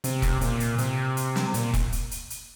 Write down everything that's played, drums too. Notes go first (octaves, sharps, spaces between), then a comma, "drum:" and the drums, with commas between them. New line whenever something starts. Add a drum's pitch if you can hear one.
C3, drum: hi-hat
drum: kick E1, hi-hat
A#2, drum: hi-hat
drum: hi-hat
C3, drum: hi-hat
drum: hi-hat
drum: snare
A#2, drum: hi-hat
drum: kick E1, hi-hat
drum: hi-hat
drum: hi-hat
drum: hi-hat